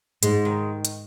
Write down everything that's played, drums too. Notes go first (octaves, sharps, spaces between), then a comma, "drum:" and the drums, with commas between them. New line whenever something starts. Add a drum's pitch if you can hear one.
G#2 G#3, drum: hi-hat
D#3
drum: hi-hat